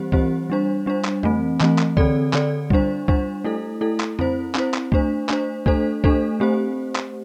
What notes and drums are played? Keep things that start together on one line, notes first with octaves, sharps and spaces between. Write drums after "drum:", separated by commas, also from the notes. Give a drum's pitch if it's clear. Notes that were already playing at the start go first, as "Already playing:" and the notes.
Already playing: E3 G3 C4 G4 C5
E3 G3 C4 G4 C5, drum: kick
G3 D4 C5
G3 D4 C5
drum: clap
E3 A3 C4, drum: tom F2
E3 A3 C4, drum: clap
drum: clap
D3 C4 A4 D5, drum: kick
D3 C4 A4 D5, drum: clap
G3 D4 C5, drum: kick
G3 D4 C5, drum: kick
A3 E4 A4
A3 E4 A4
drum: clap
C4 E4 C5, drum: tom F2
C4 E4 C5, drum: clap
drum: clap
A3 D4 C5, drum: kick
A3 D4 C5, drum: clap
A3 D4 A4 C5, drum: kick
A3 D4 A4 C5, drum: kick
A3 C4 G4 C5
drum: clap